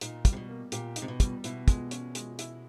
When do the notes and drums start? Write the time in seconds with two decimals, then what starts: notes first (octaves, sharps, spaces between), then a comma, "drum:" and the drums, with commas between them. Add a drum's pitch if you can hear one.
0.01 A#2 D#4, drum: hi-hat
0.25 G3, drum: kick, hi-hat
0.33 C3
0.37 B2
0.49 A#3
0.72 A#2 G4, drum: hi-hat
0.96 D#4, drum: hi-hat
1.02 C3
1.08 B2
1.20 G3, drum: kick, hi-hat
1.44 B2 E4, drum: hi-hat
1.68 G#3, drum: kick, hi-hat
1.91 C#4, drum: hi-hat
2.15 G#3, drum: hi-hat
2.39 E4, drum: hi-hat